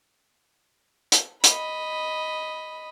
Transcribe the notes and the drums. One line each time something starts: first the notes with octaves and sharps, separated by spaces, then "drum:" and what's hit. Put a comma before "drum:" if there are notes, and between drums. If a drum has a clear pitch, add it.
drum: hi-hat
D#5 B5, drum: hi-hat